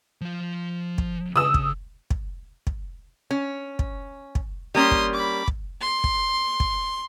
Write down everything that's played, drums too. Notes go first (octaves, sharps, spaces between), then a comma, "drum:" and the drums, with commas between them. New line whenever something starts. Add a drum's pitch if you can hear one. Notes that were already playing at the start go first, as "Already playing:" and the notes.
F3 F5
drum: kick
C#3 D#6 E6
drum: kick
drum: kick
drum: kick
C#4
drum: kick
drum: kick
G3 A#3 C#4 C6 D#6
drum: kick
B5 D6
drum: kick
C6
drum: kick
drum: kick